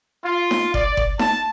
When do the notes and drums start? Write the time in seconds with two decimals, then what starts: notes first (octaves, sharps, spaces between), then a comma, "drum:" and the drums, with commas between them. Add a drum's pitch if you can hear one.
0.24 F4
0.51 drum: snare D#4
0.74 D5, drum: kick F#1
0.97 drum: kick F#1
1.19 A5, drum: snare D#4